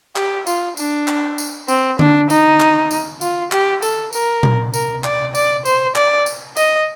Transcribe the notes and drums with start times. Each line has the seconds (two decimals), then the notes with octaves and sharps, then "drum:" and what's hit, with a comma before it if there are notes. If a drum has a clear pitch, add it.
0.16 G4, drum: clap
0.47 F4, drum: tambourine
0.77 D4, drum: tambourine
1.08 drum: clap
1.38 drum: tambourine
1.68 C4, drum: tambourine
1.99 D4, drum: tom D3
2.30 D#4, drum: tambourine
2.60 drum: clap
2.91 drum: tambourine
3.21 F4, drum: tambourine
3.52 G4, drum: clap
3.82 A4, drum: tambourine
4.13 A#4, drum: tambourine
4.43 drum: tom A#2
4.74 A#4, drum: tambourine
5.04 D5, drum: clap
5.35 D5, drum: tambourine
5.65 C5, drum: tambourine
5.96 D5, drum: clap
6.26 drum: tambourine
6.57 D#5, drum: tambourine